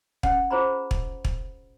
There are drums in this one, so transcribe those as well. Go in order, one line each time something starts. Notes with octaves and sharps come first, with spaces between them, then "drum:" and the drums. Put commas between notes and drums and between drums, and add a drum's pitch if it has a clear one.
C#4 F#5, drum: kick
F4 G#4 C5 A#5 B5
drum: kick
drum: kick